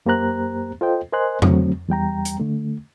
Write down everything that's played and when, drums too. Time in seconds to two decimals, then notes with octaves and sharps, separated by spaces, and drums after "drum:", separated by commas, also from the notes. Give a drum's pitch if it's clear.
0.06 F#2 A#3 G4 C5 A#5 F#6
0.81 F4 A4 C5 D#5 G5
1.12 A#4 C5 D#5 G#5 C6 F#6
1.42 D3 F#3 A3 C4, drum: tom F2
1.89 E2 G3 G5 A#5
2.25 drum: hi-hat
2.40 D3 A3